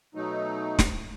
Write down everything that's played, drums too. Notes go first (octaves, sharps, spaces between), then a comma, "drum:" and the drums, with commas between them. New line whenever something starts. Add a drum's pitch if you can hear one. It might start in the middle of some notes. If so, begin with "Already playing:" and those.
B2 F#3 A3 D#4
drum: snare